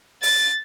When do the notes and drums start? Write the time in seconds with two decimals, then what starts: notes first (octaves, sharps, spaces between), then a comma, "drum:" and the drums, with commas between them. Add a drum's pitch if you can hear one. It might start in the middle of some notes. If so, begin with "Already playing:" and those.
0.23 A6, drum: open hi-hat